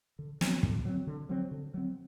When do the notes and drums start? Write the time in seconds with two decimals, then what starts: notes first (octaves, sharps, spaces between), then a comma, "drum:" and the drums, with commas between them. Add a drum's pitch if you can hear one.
0.19 D3
0.41 F#3 C4, drum: snare
0.63 D3, drum: kick
0.85 F#3 C4
1.07 D3
1.29 F#3 C4
1.51 D3
1.74 F#3 C4